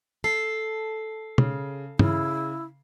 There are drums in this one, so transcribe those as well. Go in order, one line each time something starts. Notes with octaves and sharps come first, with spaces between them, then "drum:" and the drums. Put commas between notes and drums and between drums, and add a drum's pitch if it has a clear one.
A4 C7
C#3, drum: tom
C#3 E4, drum: tom